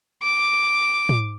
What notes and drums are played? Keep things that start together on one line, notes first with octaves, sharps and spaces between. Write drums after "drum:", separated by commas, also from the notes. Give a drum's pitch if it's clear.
D6
drum: tom